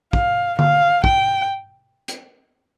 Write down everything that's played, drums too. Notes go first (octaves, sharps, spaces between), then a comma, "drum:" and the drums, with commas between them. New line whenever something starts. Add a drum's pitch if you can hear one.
F5, drum: kick
F5, drum: tom D3
G5, drum: kick
drum: hi-hat